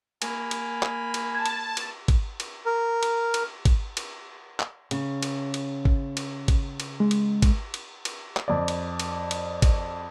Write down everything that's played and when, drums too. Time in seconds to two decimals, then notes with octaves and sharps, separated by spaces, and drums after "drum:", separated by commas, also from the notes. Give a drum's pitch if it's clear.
0.22 A#3 G#5 B5, drum: cymbal
0.51 drum: cymbal
0.83 drum: clap
1.14 drum: cymbal
1.35 A5 G#6
1.46 drum: cymbal
1.77 drum: cymbal
2.08 drum: kick G#1, cymbal
2.40 drum: cymbal
2.66 A#4
3.03 drum: cymbal
3.34 drum: cymbal
3.65 drum: kick G#1, cymbal
3.97 drum: cymbal
4.60 drum: clap
4.91 C#3, drum: cymbal
5.23 drum: cymbal
5.54 drum: cymbal
5.85 drum: kick G#1
6.17 drum: cymbal
6.48 drum: kick G#1, cymbal
6.80 drum: cymbal
7.00 G#3
7.11 drum: cymbal
7.42 drum: kick G#1, cymbal
7.74 drum: cymbal
8.05 drum: cymbal
8.37 drum: clap
8.48 F2 D5
8.68 drum: cymbal
9.00 drum: cymbal
9.31 drum: cymbal
9.62 drum: kick G#1, cymbal